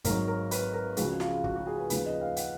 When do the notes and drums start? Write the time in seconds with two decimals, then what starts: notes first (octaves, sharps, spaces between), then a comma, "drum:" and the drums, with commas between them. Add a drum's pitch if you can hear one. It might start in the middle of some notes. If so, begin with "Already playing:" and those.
0.04 G#1 G#2 F#3 A#4, drum: kick, hi-hat
0.28 A#4
0.51 B4, drum: hi-hat
0.74 A#4
0.97 C#2 C#3 F3 F#4, drum: hi-hat
1.20 F4, drum: snare
1.44 F#4, drum: kick
1.56 F#4
1.67 G#4
1.78 B4
1.90 D#2 C#3 F3 B4, drum: hi-hat
2.06 D#5
2.21 F5
2.36 F#5, drum: hi-hat